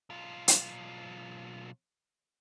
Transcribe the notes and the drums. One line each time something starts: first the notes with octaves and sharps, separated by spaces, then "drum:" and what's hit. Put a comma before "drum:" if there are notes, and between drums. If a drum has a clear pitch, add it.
B1 F4
drum: hi-hat